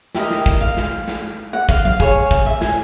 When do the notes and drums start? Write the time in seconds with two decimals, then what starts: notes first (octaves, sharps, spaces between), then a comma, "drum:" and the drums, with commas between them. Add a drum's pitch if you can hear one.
0.15 G4 A#4 D#5 E5, drum: snare
0.31 drum: snare
0.46 drum: kick
0.61 F5
0.77 drum: snare
1.08 drum: snare
1.53 F#5
1.69 F5, drum: kick
1.85 F5, drum: tom F#3
2.00 G#4 C#5, drum: kick
2.31 drum: kick
2.46 E5
2.61 G#5, drum: snare